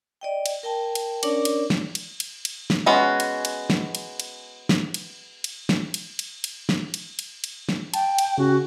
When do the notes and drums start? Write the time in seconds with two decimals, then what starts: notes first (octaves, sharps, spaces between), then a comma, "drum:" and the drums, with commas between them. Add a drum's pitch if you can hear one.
0.21 D5 D#5 G5
0.46 drum: cymbal
0.63 A#4 G5 A5
0.95 drum: cymbal
1.23 C#4 D4 A#4 C#5 D5 D6, drum: cymbal
1.45 drum: cymbal
1.70 drum: snare
1.95 drum: cymbal
2.20 drum: cymbal
2.45 drum: cymbal
2.70 drum: snare
2.86 G#3 B3 C#4 F#4
3.20 drum: cymbal
3.45 drum: cymbal
3.70 drum: snare
3.95 drum: cymbal
4.20 drum: cymbal
4.69 drum: snare
4.94 drum: cymbal
5.44 drum: cymbal
5.69 drum: snare
5.94 drum: cymbal
6.19 drum: cymbal
6.44 drum: cymbal
6.69 drum: snare
6.94 drum: cymbal
7.19 drum: cymbal
7.44 drum: cymbal
7.69 drum: snare
7.94 G5 A5, drum: cymbal
8.18 drum: cymbal
8.38 C#3 C#4 F#4